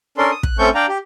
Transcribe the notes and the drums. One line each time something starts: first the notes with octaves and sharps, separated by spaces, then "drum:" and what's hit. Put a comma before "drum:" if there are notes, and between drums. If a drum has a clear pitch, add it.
C#4 D4 A4 A#4 C6
D#6
F#6, drum: kick
A3 C4 C#4 A4 C#6 G6
D4 D5 F5 G5 A#5
G4